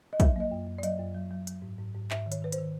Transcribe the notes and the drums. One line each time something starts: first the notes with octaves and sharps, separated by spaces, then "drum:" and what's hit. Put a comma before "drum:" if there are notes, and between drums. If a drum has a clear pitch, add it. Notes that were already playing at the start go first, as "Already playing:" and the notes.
D#5
F#3 E5, drum: kick, hi-hat
A#3 D#5
F#2
F#2
D5
F#3 D#5, drum: hi-hat
F#2
F#3
F#3
F#3, drum: hi-hat
G#2
G#2
G#2
G#2 E5, drum: clap
D#3
C#5, drum: hi-hat
D#3 B4
C5, drum: hi-hat
D#3